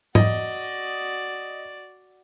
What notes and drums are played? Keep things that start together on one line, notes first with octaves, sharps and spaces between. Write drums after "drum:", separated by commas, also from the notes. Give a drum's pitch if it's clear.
F#4 D5 D#5, drum: tom G#2